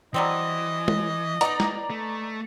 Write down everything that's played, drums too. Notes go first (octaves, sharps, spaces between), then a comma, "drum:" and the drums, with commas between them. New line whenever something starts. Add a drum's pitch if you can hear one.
E3 F#3 G3 C4 D#5
drum: tom G#3
B3 D#4 D5 A#5, drum: hi-hat
drum: snare
A3